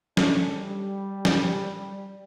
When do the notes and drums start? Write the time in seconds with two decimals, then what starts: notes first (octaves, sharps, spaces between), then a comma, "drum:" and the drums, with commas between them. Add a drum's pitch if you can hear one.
0.17 A3 C#4 D4, drum: snare
0.52 G3
1.25 drum: snare